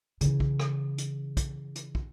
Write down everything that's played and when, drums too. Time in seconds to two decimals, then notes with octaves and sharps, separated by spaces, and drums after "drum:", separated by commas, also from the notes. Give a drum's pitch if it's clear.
0.21 C#3 E3, drum: hi-hat
0.40 drum: kick
0.60 drum: rim click
0.98 drum: hi-hat
1.37 drum: kick, hi-hat
1.76 drum: hi-hat
1.95 drum: kick